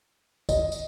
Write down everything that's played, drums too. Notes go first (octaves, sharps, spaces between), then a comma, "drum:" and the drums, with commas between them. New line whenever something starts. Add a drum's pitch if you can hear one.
D#5, drum: kick, tambourine
drum: tambourine